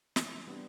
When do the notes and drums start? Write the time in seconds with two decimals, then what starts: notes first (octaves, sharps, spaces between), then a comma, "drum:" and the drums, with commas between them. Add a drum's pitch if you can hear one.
0.16 E3, drum: snare
0.47 G3 B3 D4